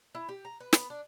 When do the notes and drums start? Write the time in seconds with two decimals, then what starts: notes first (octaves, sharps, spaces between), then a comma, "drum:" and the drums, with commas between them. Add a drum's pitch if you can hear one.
0.15 E4
0.29 G4
0.45 A#5
0.60 B4
0.73 B3, drum: snare
0.90 D4